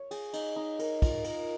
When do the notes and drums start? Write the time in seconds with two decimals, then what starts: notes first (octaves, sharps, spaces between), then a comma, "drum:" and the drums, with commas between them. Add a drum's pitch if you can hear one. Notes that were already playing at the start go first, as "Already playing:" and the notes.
Already playing: C#5
0.11 G#4, drum: cymbal
0.33 D#4, drum: cymbal
0.56 D#4
0.79 A#4, drum: cymbal
1.02 F4, drum: kick, cymbal
1.24 A#4, drum: cymbal